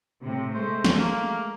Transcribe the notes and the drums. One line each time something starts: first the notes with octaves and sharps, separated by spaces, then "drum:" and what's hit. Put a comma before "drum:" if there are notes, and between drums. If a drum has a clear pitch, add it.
A2 C3
G#3 A3 C5
drum: snare
A#3